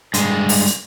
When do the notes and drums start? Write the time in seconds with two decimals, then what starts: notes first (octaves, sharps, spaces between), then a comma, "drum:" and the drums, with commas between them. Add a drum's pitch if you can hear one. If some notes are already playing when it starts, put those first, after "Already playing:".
0.14 G2 G#3, drum: hi-hat
0.49 drum: open hi-hat
0.67 drum: hi-hat